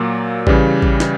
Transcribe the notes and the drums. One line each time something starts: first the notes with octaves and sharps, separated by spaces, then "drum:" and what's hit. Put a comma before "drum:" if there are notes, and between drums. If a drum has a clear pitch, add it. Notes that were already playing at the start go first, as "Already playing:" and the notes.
Already playing: A#2 F#3 A#3
C#3 E3 G3, drum: kick A1
drum: kick A1
drum: snare